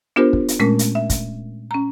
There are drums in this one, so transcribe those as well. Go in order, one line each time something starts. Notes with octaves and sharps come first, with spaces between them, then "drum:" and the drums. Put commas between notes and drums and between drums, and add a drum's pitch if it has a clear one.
B3 D4 F4 G4 A#4 C5
drum: kick
drum: hi-hat
A#2 G#3 A3 C#4 A#4
drum: hi-hat
E5
drum: kick, hi-hat
C#4 A#5